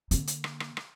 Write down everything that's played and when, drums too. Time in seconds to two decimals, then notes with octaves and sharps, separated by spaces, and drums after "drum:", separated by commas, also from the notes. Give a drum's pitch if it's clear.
0.11 D3 A#3, drum: hi-hat
0.27 drum: hi-hat
0.44 drum: rim click
0.60 drum: rim click
0.77 drum: rim click